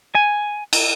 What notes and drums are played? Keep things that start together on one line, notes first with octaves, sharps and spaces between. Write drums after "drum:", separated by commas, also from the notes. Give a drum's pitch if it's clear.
G#5
drum: cymbal